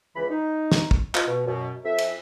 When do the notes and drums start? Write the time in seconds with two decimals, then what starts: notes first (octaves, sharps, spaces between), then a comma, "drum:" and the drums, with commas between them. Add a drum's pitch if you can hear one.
0.16 C#2 E3 B5
0.30 D#4
0.72 drum: snare
0.91 drum: kick
1.15 F4 D#5, drum: clap
1.27 B2
1.46 F#2 B2
1.84 F2 E5
1.98 drum: cymbal